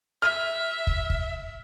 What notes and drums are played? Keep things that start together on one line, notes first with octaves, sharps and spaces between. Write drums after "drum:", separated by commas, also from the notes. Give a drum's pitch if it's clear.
E5 F6
drum: kick
drum: kick